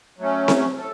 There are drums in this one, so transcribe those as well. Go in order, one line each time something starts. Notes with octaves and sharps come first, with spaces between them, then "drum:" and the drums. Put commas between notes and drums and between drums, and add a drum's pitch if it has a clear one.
F#3 A3 C#4
drum: snare C4
A4